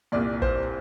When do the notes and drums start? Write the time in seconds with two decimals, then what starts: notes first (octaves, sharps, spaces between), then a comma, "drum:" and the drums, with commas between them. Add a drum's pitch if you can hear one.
0.12 C2 A#2 D5
0.42 C5, drum: kick